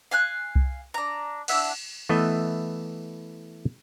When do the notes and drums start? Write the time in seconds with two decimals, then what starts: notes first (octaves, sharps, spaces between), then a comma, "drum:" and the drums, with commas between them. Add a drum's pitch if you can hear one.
0.11 F5 G#5 F#6
0.56 drum: kick C2
0.94 D4 A#5
1.48 D4 E4 E5 F#5, drum: cymbal
2.09 E3 A3 B3 D#5 E5